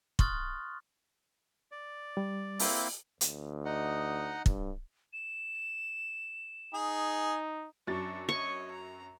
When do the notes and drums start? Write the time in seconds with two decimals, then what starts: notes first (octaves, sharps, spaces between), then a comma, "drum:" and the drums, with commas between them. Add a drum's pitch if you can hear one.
0.19 C6 C#6 D#6 F6 F#6 A6, drum: kick
1.72 D5
2.17 G3
2.59 A#3 C4 E4, drum: open hi-hat
3.21 D2, drum: hi-hat
3.65 D#4 D#5 F#5
4.46 G2, drum: kick
5.13 E7
6.74 D#4 G#4
7.87 F#2 F#3 D4 C#6 A6
8.29 C#5 D#5 C#6
8.71 A#5